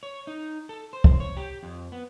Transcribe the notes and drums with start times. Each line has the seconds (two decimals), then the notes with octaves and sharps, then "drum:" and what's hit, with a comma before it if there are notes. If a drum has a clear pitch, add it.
0.03 C#5
0.27 D#4
0.69 A4
0.93 C5
1.04 drum: kick
1.20 C#5
1.37 G4
1.63 F2
1.92 B3